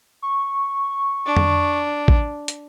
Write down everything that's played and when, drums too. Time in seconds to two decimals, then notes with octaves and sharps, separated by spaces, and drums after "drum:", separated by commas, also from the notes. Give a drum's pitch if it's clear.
0.22 C#6
1.26 D4
1.37 drum: tom F2
2.08 drum: kick A1
2.48 drum: hi-hat